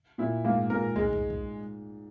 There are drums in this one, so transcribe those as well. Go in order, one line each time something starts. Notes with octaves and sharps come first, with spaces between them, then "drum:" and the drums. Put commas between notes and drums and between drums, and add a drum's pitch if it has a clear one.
A#2 E4
G#2 A#3
A#2 A#4
G#2 G#3, drum: kick
drum: kick
drum: kick